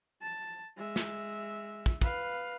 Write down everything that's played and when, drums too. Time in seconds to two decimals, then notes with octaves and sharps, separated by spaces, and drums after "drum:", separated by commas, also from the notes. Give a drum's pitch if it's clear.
0.22 A5
0.77 G#3 E5
0.96 drum: snare
1.86 drum: kick
2.01 B4 F5, drum: kick